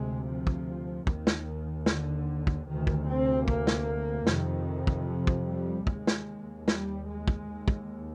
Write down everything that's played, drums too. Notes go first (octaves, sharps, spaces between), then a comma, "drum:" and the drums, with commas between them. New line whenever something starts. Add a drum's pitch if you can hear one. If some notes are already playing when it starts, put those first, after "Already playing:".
Already playing: D2 C3 G#3
F3
drum: kick
D#2 D#3, drum: kick
drum: snare
D3, drum: snare
drum: kick
D2 C3 D#3
drum: kick
C4
A#3, drum: kick
drum: snare
F2 C3 D#3, drum: snare
drum: kick
F3
drum: kick
G3
D#2 G#3, drum: kick
drum: snare
G3, drum: snare
G#3
drum: kick
D#2
drum: kick